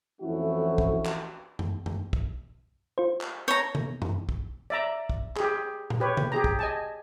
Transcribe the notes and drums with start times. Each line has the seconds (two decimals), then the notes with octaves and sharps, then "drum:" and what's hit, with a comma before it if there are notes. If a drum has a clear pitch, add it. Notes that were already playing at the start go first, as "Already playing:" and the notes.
0.21 F2 E3 A3 C#4 E4 F#4
0.78 drum: kick
1.05 drum: clap
1.59 drum: tom F#2
1.86 drum: tom F#2
2.13 drum: kick
2.98 F4 C5
3.21 drum: clap
3.48 C#5 A#5 G6
3.75 drum: tom C3
4.02 drum: tom F#2
4.29 drum: kick
4.70 D5 E5 A#5
5.10 drum: kick
5.36 G4 G#4, drum: clap
5.90 drum: tom A#2
6.00 G4 B4 C#5
6.17 drum: tom C3
6.32 G4 G#4 A#5
6.44 drum: kick
6.59 D#5 G#5 A5